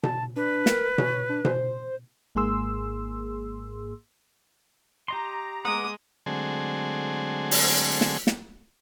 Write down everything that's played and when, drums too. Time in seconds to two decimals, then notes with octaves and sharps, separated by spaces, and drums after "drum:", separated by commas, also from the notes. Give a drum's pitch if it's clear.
0.03 A5, drum: tom B2
0.36 D4 B4
0.66 A#4, drum: snare
0.98 C#5, drum: tom B2
1.29 D4
1.45 C5, drum: tom B2
2.35 G#1 G#2 A#3 G#4 C6 E6
5.08 G4 D#5 A#5 C6
5.65 G#3 F#5 D6 D#6
6.26 D3 F#3 G#3 A3 C4 G#4
7.51 drum: open hi-hat
8.01 drum: snare
8.27 drum: snare